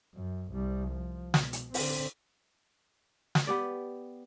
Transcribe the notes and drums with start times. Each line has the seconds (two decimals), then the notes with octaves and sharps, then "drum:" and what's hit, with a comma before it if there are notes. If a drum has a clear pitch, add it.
0.15 F#2
0.52 C2 G3
0.88 F3
1.34 B2, drum: snare
1.53 drum: hi-hat
1.74 D3 C4, drum: open hi-hat
3.35 drum: snare
3.47 B3 G4 D5